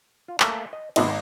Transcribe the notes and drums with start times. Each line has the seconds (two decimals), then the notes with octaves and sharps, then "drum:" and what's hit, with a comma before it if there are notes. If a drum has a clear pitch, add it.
0.28 F4
0.40 A3 A#3, drum: clap
0.73 D#5
0.96 G#1 C3 B3 D#4, drum: cymbal